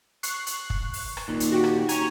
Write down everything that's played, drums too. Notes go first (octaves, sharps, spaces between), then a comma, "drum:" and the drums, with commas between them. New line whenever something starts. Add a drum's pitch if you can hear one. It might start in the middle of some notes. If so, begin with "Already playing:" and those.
C#6 F#6 C7, drum: hi-hat
drum: hi-hat
drum: kick
drum: open hi-hat
drum: rim click
D#2 A#2 D#4
drum: hi-hat
F#4 G4
drum: rim click
C#5 G#5 A#5, drum: hi-hat